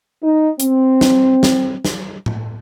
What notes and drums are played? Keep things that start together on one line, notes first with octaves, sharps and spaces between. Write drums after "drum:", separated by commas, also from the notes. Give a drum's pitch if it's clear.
D#4
C4, drum: hi-hat
drum: snare
drum: snare
drum: snare
drum: tom A2